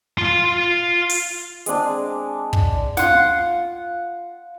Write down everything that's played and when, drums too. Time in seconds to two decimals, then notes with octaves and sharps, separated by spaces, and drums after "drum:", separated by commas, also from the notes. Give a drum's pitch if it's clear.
0.18 F4 C6
1.09 drum: open hi-hat
1.66 G#3 C4 D4 G#5, drum: hi-hat
2.53 drum: kick
2.97 F4 F#5, drum: snare